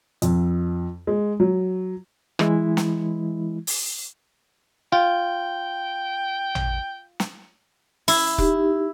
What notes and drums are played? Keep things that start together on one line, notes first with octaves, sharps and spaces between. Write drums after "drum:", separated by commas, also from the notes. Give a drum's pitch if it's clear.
F2, drum: hi-hat
G#3
F#3
E3 G#3 E4, drum: rim click
drum: snare
drum: open hi-hat
F4 G5
drum: tom A1
drum: snare
E4, drum: open hi-hat
D#4 G4, drum: kick